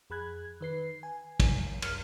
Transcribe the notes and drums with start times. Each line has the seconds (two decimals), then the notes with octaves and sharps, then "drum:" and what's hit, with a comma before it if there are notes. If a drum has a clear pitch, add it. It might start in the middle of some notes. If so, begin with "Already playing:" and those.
0.10 F2 G#4 B5 F#6 G#6
0.61 D#3 B4 C7
1.03 G#5
1.40 drum: kick, cymbal
1.82 C2 F#2 F6 C#7, drum: cymbal